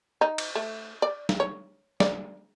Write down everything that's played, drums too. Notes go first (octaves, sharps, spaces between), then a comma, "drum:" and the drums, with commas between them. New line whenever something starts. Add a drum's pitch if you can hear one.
D#4
drum: cymbal
A3
D5
drum: snare
C#5
D5, drum: snare